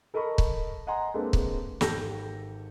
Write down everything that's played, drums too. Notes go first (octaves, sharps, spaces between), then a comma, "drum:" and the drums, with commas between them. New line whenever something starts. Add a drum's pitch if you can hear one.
A4 A#4 D#5 A5 B5 C#6
drum: kick C#1
D#5 F#5 G#5 A#5 C6
G#3 A#3 C4 D4 A4 B4
drum: kick C#1
G#1 G4 A4 G6 A#6, drum: snare